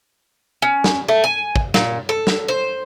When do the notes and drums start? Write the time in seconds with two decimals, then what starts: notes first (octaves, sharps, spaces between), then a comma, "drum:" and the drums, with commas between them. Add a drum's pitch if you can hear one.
0.62 C#4
0.84 drum: snare
1.08 A3
1.24 G#5
1.56 drum: kick
1.74 A#2, drum: snare
2.09 A4
2.27 drum: snare
2.48 C5